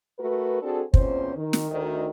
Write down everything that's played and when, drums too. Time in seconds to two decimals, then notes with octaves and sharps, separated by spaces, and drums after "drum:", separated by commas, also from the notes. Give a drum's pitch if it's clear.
0.19 A3 F#4 A#4 B4
0.63 C4 D4 F#4 G#4 A4
0.94 E2 A#2 C4 C#4 C5, drum: kick
1.36 D#3
1.53 drum: snare
1.71 D2 D#3